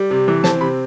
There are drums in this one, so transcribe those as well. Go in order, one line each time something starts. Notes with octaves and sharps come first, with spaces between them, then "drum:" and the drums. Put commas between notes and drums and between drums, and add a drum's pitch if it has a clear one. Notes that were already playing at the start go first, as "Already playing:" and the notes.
Already playing: G3
C3
E3
C4 A5, drum: snare
C3 B5